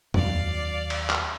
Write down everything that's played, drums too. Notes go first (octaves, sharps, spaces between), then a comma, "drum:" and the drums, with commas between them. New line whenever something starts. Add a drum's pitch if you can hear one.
D#2 F#3 D5 F5, drum: tom F2
drum: cymbal
drum: clap